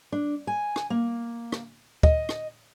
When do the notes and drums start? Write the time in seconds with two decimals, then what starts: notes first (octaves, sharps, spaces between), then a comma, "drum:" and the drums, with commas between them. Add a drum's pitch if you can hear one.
0.12 D4
0.47 G#5
0.76 drum: rim click
0.90 A#3
1.52 drum: rim click
2.03 D#5, drum: kick
2.29 drum: rim click